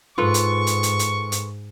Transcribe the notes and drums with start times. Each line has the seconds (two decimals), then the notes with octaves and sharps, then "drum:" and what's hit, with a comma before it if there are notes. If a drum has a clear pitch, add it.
0.18 G#2 F4 A4 B4 C#6
0.34 drum: hi-hat
0.67 drum: hi-hat
0.83 drum: hi-hat
0.99 drum: hi-hat
1.32 drum: hi-hat